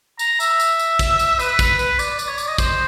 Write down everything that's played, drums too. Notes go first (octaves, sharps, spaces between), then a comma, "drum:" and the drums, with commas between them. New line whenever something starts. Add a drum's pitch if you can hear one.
A#5, drum: tambourine
E5, drum: tambourine
drum: tambourine
drum: tambourine
drum: kick, tambourine
drum: tambourine
B4, drum: tambourine
drum: kick, tambourine
B4, drum: tambourine
D5, drum: tambourine
D5, drum: tambourine
C#5
D5, drum: tambourine
D#5
C5, drum: kick, tambourine